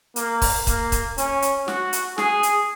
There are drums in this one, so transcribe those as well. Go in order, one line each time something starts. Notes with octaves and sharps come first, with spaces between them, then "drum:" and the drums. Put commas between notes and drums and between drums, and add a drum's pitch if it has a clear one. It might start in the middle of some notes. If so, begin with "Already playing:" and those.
A#3, drum: hi-hat
drum: kick, open hi-hat
A#3, drum: kick, hi-hat
drum: kick, hi-hat
C#4, drum: hi-hat
drum: hi-hat
F#4, drum: snare
drum: hi-hat
G#4, drum: snare
drum: hi-hat